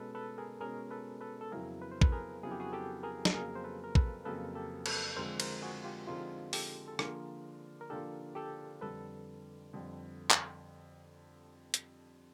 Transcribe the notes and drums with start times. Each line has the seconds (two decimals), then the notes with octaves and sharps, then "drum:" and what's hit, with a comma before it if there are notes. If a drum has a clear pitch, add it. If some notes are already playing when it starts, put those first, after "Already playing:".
Already playing: B2 G#3 C#4 A4 B4
0.15 A4 B4
0.38 G#4 A#4
0.60 B2 G#3 C#4 G#4 A#4
0.91 A4 B4
1.21 A4 B4
1.41 A4
1.52 F2 C#3 F#3 B3 E4 G#4 A#4
1.82 B4
1.91 C5
2.01 A4 B4, drum: kick
2.12 G#4 A#4
2.43 F2 C#3 F#3 B3 E4 G#4
2.51 G4
2.60 F#4 G#4
2.73 G4 A4
3.03 G#4 A#4
3.25 B4, drum: snare
3.34 F2 C#3 F#3 A#3 G#4 A#4
3.55 C5
3.64 A4 B4
3.84 A#4
3.95 A4 B4, drum: kick
4.25 F2 C#3 F#3 A#3 A4 B4
4.55 G4 A4
4.86 A4 B4, drum: cymbal
5.17 D3 F3 G#3 C4 A#4 C5
5.40 A#4 C5, drum: cymbal
5.62 F#4 G#4
5.84 F4 G4
6.07 D3 F3 G#3 C4 D#4 F4
6.53 G4 A4, drum: open hi-hat
6.88 A4
6.99 D3 F3 A#3 D4 F4 G#4 A#4, drum: rim click
7.81 A#4
7.90 D3 F3 A#3 D4 F4 G4 A4
8.35 G4 A4
8.81 F2 D3 G3 A4 B4
9.73 F2 D3 G3
10.31 drum: clap
11.74 drum: hi-hat